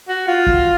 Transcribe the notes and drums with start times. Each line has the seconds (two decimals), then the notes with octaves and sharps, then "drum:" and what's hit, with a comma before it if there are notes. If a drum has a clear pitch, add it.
0.09 F#4
0.28 F4
0.47 drum: kick